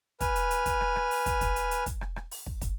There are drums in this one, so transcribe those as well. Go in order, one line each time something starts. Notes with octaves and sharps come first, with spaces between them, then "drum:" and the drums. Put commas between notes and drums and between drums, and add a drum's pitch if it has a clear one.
B4 G#5 F6, drum: kick, hi-hat
drum: hi-hat
drum: hi-hat
drum: kick, hi-hat
drum: rim click
drum: rim click
drum: open hi-hat
drum: kick, hi-hat
drum: kick, hi-hat
drum: hi-hat
drum: hi-hat
drum: kick, hi-hat
drum: rim click
drum: rim click
drum: open hi-hat
drum: kick
drum: kick, hi-hat